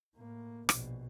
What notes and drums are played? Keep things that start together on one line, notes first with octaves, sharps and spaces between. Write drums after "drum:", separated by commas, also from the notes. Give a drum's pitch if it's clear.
A2 A#3
A#1 B2, drum: rim click